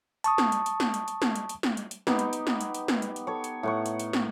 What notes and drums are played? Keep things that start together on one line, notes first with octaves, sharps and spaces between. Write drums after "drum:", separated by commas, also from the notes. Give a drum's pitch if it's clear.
A5 C#6 D#6, drum: hi-hat
drum: snare
drum: hi-hat
drum: hi-hat
drum: snare
drum: hi-hat
drum: hi-hat
drum: snare
drum: hi-hat
drum: hi-hat
drum: snare
drum: hi-hat
drum: hi-hat
B3 D#4 G4, drum: snare
drum: hi-hat
drum: hi-hat
drum: snare
drum: hi-hat
drum: hi-hat
drum: snare
drum: hi-hat
drum: hi-hat
A4 C#5
drum: hi-hat
A2 F#5 C#6
drum: hi-hat
drum: hi-hat
drum: snare